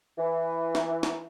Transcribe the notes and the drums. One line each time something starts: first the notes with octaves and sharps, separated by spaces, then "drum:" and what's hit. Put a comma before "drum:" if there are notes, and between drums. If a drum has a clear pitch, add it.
E3
drum: snare
drum: snare